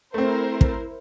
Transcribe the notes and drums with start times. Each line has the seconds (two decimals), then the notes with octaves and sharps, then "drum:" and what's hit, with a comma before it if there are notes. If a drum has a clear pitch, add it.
0.14 A3 C4 E4 A#4 C5
0.61 drum: kick